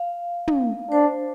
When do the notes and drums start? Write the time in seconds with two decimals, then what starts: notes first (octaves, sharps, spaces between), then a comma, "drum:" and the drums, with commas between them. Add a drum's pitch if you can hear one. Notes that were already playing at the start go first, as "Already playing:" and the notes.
Already playing: F5
0.48 drum: tom
0.91 D4 C5